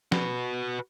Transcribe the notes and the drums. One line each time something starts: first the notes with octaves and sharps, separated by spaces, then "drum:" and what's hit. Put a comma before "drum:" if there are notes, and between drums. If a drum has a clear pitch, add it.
F#4 B4, drum: snare F3